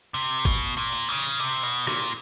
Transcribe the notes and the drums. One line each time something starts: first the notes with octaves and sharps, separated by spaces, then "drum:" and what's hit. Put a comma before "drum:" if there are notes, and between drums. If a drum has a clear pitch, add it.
C3
B2, drum: kick G#1
A#2
drum: hi-hat
C#3
C3, drum: hi-hat
B2, drum: hi-hat
A#2, drum: rim click